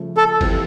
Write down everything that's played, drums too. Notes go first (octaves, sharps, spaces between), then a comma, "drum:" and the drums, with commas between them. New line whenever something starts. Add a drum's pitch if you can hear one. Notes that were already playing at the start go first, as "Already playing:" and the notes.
Already playing: C#3 F3 A3
A4
F2 C3 E3, drum: kick G1, cymbal